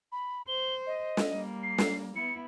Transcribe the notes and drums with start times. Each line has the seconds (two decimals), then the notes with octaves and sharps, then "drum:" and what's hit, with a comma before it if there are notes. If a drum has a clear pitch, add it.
0.12 B5
0.48 C5 G7
0.87 D#5
1.17 drum: snare
1.29 G3 A#3
1.63 C7
1.78 drum: snare
2.16 B3 E4 C#7